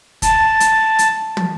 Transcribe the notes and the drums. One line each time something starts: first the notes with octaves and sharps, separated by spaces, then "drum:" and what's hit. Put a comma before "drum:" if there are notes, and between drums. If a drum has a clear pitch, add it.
A5, drum: kick, hi-hat
drum: hi-hat
drum: hi-hat
drum: tom